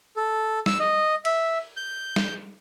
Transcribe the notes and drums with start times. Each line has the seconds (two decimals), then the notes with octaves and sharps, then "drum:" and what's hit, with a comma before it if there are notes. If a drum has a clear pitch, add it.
0.17 A4
0.66 E6, drum: snare
0.80 D#5
1.25 E5, drum: cymbal
1.77 G6
2.16 drum: snare